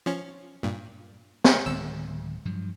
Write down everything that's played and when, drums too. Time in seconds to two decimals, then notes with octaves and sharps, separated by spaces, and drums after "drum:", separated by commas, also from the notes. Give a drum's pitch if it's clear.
0.06 F3 C#4
0.63 G2 A#2
1.44 drum: snare
1.66 D1 D#3 G#3 E6
2.45 G2 F3 F#3